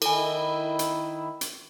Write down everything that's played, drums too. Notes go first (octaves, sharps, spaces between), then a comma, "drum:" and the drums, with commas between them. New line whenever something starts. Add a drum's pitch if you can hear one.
D#3 E4 A4 G#5, drum: cymbal
drum: hi-hat
drum: hi-hat